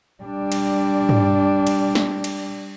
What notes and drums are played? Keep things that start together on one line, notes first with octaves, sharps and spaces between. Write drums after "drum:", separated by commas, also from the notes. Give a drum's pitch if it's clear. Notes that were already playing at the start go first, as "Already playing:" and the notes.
G3 D4
drum: cymbal
drum: tom
drum: cymbal
drum: snare
drum: cymbal